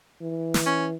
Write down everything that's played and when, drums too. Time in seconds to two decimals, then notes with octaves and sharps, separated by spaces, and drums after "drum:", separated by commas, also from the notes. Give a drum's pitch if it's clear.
0.21 E3
0.54 drum: snare
0.66 C#4